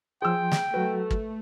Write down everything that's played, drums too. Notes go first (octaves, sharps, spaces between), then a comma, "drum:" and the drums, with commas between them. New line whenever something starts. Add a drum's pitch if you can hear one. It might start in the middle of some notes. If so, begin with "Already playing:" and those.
F3 G#4 G5 C6 E6
drum: snare
F#3 A3 F#4 B4
drum: kick